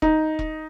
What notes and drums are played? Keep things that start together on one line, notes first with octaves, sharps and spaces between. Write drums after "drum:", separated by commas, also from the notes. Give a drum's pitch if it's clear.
D#4, drum: kick E1
drum: kick E1